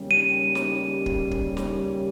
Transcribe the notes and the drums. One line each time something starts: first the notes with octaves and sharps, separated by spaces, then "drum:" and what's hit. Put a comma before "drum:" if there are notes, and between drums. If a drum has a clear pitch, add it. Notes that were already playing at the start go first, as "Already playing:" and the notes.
Already playing: D#2 C#3 G3 C#4
D#7
drum: snare
drum: kick
drum: kick
drum: snare